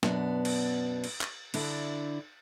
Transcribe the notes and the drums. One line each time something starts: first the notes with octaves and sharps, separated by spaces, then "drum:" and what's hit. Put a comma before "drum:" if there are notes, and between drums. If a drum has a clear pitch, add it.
F#2 B2 B3 D4, drum: snare
drum: cymbal
drum: cymbal
drum: clap
D3 D4 E4, drum: cymbal